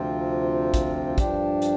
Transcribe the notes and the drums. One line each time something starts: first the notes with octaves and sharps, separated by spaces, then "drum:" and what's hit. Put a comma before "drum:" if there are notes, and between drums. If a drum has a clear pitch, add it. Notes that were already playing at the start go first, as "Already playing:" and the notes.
Already playing: D2 C3 F3 C4 F4
drum: kick, hi-hat
G2 F3 D4 G4, drum: kick, hi-hat
drum: hi-hat